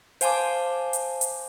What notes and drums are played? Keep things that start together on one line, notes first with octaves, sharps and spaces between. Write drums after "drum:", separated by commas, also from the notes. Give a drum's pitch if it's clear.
C5 F5 G#5 A5 C6 D6, drum: hi-hat
drum: hi-hat
drum: hi-hat